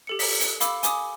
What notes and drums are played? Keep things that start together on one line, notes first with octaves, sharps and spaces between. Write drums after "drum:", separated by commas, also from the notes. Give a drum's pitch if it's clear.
G4 A4 C#7
B6, drum: open hi-hat
drum: hi-hat
F5 B5 D6 E6, drum: hi-hat
G#5 D6 D#6, drum: hi-hat